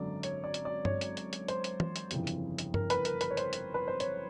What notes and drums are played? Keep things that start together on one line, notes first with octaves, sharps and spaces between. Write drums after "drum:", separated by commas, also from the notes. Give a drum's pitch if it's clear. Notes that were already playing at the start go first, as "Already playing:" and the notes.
Already playing: G#1 F#2 D3 D5
C#5, drum: hi-hat
D5
drum: hi-hat
D5
C#5, drum: tom G2
drum: hi-hat
drum: hi-hat
drum: hi-hat
C5, drum: hi-hat
drum: hi-hat
drum: tom
drum: hi-hat
G1 F2 C#3 E3, drum: hi-hat
drum: hi-hat
drum: hi-hat
A#4, drum: tom G2
B4, drum: hi-hat
A#4, drum: hi-hat
B4, drum: hi-hat
C#5
C5, drum: hi-hat
drum: hi-hat
B4
C5
C#5, drum: hi-hat